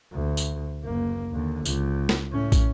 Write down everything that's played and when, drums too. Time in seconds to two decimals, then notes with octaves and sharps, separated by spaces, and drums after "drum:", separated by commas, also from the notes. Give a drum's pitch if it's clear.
0.12 D2
0.37 drum: tambourine
0.84 F#1 A#3
1.32 D#2 D3
1.65 C#2, drum: tambourine
2.09 drum: snare
2.31 A2 C#4
2.52 drum: kick, tambourine